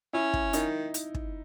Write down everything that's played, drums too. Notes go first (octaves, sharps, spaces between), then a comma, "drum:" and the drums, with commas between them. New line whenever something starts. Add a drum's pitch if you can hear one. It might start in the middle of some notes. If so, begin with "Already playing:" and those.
C#4 E4
drum: kick
D#3 D#4, drum: hi-hat
drum: hi-hat
drum: kick